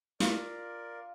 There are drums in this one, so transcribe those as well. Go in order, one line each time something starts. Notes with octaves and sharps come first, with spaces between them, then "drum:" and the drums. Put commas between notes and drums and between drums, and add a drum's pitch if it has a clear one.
F4 A#4 D5 D6, drum: snare